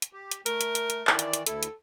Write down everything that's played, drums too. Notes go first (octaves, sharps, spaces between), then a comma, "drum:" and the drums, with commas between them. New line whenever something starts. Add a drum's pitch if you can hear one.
drum: hi-hat
G4
drum: hi-hat
A3 A#4, drum: hi-hat
drum: hi-hat
drum: hi-hat
drum: hi-hat
D#3 E3 D5, drum: clap
drum: hi-hat
drum: hi-hat
D2 E4 A4, drum: hi-hat
drum: hi-hat